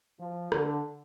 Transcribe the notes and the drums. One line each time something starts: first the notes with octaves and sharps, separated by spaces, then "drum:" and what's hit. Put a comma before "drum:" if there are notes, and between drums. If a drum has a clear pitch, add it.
F3
D3, drum: rim click